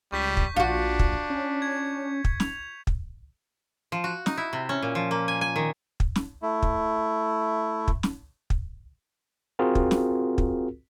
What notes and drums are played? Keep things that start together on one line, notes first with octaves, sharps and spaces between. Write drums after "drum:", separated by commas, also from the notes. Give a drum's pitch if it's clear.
C#2 G3 C#6 G6 B6
drum: kick
A#1 D4 F4 F#4 C#7
drum: kick
C#4
G#6
drum: kick
F7, drum: snare
drum: kick
F3
F#4
D#4, drum: snare
E4
C3
C#4
A#2
F3
A#3
G#5
G#5
D#3
drum: kick
drum: snare
A3 E4
drum: kick
drum: kick
drum: snare
drum: kick
C4 F4 F#4 G#4 A#4
drum: kick
drum: snare
drum: kick